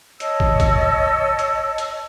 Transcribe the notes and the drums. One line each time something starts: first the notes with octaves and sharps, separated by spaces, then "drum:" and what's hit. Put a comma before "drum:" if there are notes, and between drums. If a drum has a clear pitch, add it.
C#5 D#5 A5 E6, drum: hi-hat
drum: kick
drum: kick, hi-hat
drum: hi-hat
drum: hi-hat